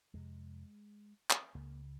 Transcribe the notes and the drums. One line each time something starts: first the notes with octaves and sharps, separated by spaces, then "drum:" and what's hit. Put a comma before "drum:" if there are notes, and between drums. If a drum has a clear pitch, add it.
F2 C3 G#3
drum: clap
C#2 C#3 A#3